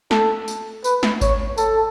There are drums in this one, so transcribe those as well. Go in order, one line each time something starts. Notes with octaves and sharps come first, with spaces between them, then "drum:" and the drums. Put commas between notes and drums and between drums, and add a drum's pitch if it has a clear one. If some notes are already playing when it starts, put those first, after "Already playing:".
A4, drum: snare
drum: tambourine
B4, drum: tambourine
drum: snare
C#5, drum: kick G#1, tambourine
A4, drum: tambourine